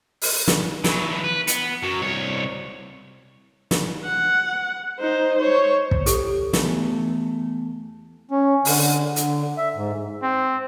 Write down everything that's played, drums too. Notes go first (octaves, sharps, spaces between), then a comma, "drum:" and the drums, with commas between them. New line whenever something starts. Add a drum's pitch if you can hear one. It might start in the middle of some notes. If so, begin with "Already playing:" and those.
drum: open hi-hat
drum: snare
E3 F#3, drum: snare
B4
B3, drum: hi-hat
F#2 F#3
C2 C#5
drum: snare
F#5
D#4 C5
C5 C#5
drum: kick
G4 A4, drum: hi-hat
E2 A3, drum: snare
C#4
D3, drum: open hi-hat
D3
D3, drum: hi-hat
E5
G#2
C4